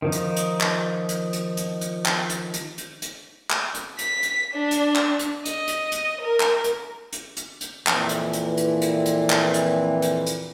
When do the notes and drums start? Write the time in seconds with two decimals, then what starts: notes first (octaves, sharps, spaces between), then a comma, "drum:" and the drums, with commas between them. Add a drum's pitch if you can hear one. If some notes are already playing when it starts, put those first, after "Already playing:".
0.02 D#3 F3 D#4
0.12 drum: hi-hat
0.36 drum: hi-hat
0.61 drum: clap
1.09 drum: hi-hat
1.33 drum: hi-hat
1.57 drum: hi-hat
1.81 drum: hi-hat
2.05 drum: clap
2.30 drum: hi-hat
2.54 drum: hi-hat
2.78 drum: hi-hat
3.02 drum: hi-hat
3.50 drum: clap
3.74 drum: hi-hat
3.99 B6, drum: hi-hat
4.23 drum: hi-hat
4.54 D4
4.71 drum: hi-hat
4.95 drum: clap
5.19 drum: hi-hat
5.45 D#5, drum: hi-hat
5.68 drum: hi-hat
5.92 drum: hi-hat
6.21 A#4
6.40 drum: clap
6.64 drum: hi-hat
7.13 drum: hi-hat
7.37 drum: hi-hat
7.61 drum: hi-hat
7.87 F2 A#2 E3, drum: clap
8.09 drum: hi-hat
8.33 drum: hi-hat
8.57 drum: hi-hat
8.82 drum: hi-hat
9.06 drum: hi-hat
9.30 drum: clap
9.54 drum: hi-hat
10.02 drum: hi-hat
10.26 drum: hi-hat